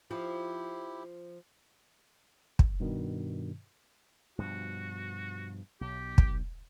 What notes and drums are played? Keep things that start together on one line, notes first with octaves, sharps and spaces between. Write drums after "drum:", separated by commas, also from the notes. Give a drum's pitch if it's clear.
F3 E4 G4
drum: kick
G2 B2 D#3
G2 B2 F3 F#4
B1 G4
drum: kick